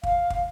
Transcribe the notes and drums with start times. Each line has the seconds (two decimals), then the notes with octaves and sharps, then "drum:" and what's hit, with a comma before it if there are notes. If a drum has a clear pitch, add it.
0.03 F5, drum: kick
0.30 drum: kick